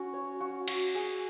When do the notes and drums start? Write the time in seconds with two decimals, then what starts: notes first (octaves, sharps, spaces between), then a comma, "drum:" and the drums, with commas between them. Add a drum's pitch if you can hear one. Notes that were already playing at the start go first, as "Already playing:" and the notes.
Already playing: C#4 F#4
0.13 C#5
0.41 F#4
0.68 F#4, drum: cymbal
0.95 G#4